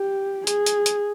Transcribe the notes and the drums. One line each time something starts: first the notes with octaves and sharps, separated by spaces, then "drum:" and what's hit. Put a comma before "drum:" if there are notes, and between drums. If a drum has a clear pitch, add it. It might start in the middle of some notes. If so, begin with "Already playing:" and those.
Already playing: G4
G#4, drum: hi-hat
drum: hi-hat
drum: hi-hat